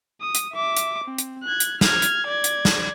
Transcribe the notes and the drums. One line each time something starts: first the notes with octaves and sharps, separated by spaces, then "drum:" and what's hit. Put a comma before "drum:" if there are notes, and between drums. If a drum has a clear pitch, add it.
D#6
drum: hi-hat
E5 D6
drum: hi-hat
C4
drum: hi-hat
F#6 G#6
drum: hi-hat
F6 G#6, drum: snare
drum: hi-hat
D5 G#6
drum: hi-hat
drum: snare